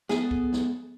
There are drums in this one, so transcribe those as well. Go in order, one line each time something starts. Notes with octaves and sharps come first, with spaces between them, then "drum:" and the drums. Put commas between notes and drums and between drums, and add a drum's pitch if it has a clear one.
B3 G#4 A4, drum: snare
drum: kick C2
drum: snare